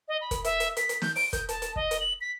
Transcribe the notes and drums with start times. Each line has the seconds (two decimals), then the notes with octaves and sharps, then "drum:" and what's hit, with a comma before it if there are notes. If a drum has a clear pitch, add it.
0.08 D#5
0.21 B5
0.31 drum: kick, hi-hat
0.44 E5, drum: hi-hat
0.60 drum: hi-hat
0.77 B6, drum: hi-hat
0.89 drum: hi-hat
1.02 G6, drum: snare
1.16 D7, drum: open hi-hat
1.33 G6, drum: kick, hi-hat
1.49 A5, drum: hi-hat
1.62 drum: hi-hat
1.76 D#5, drum: kick
1.91 drum: hi-hat
2.00 F#7
2.21 B6